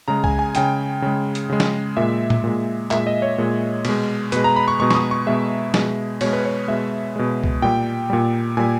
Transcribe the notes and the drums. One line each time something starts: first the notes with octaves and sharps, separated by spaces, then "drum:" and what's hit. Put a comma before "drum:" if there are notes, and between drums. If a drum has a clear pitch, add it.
C#3 G#3 A#5
G#5, drum: kick C2
G#5
C#3 G#3 G5, drum: hi-hat
C#3 G#3
drum: hi-hat
C#3 G#3
drum: snare
A#2 G#3 E5
drum: tom A2
A#2 G#3
A#2 G#3 E5, drum: clap
D#5
C#5
A#2 G#3
B2 G#3, drum: cymbal
B2 G#3 B4, drum: hi-hat
A#5
B5
C#6
B2 G#3 C#6
C#6, drum: snare
D#6
C#6
B2 G#3 E5
B2 G#3, drum: snare
B2 G#3 C#5, drum: cymbal
B4
C#5
B2 G#3 E5
B2 G#3
drum: kick C2
A#2 G3 G5
A#2 G3
A#2 G3 G#5